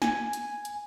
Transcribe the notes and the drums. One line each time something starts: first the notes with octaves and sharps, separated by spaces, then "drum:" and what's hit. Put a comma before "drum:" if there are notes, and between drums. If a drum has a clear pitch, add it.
G#5, drum: snare
drum: hi-hat
drum: hi-hat